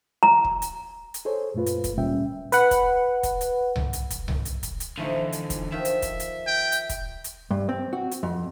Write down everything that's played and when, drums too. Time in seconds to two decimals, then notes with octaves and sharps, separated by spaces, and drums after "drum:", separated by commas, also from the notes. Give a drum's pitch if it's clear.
0.23 A#5
0.44 drum: kick
0.62 drum: hi-hat
1.14 drum: hi-hat
1.25 G#4 A4 C5 C#5
1.54 F#2 A#2 A3 F4 B4
1.66 drum: hi-hat
1.84 drum: kick, hi-hat
1.98 D2 A#2 G3 C#4 E5 G5
2.52 B4 F#5, drum: hi-hat
2.71 drum: kick, hi-hat
3.23 drum: kick, hi-hat
3.41 drum: hi-hat
3.76 drum: tom C2
3.93 drum: hi-hat
4.10 drum: kick, hi-hat
4.28 drum: tom C2
4.45 drum: hi-hat
4.63 drum: kick, hi-hat
4.80 drum: hi-hat
4.98 D3 E3 F3 A3 D#4
5.32 drum: hi-hat
5.50 drum: kick, hi-hat
5.72 D#3 F3 E5
5.85 drum: hi-hat
6.02 drum: kick, hi-hat
6.20 drum: hi-hat
6.47 G5
6.72 drum: hi-hat
6.89 drum: kick, hi-hat
7.24 drum: hi-hat
7.51 G2
7.69 C4
7.93 F#4
8.11 drum: hi-hat
8.23 F2